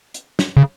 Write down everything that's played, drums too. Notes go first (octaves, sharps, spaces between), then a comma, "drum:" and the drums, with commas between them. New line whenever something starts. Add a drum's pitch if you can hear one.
drum: hi-hat
drum: snare
C#3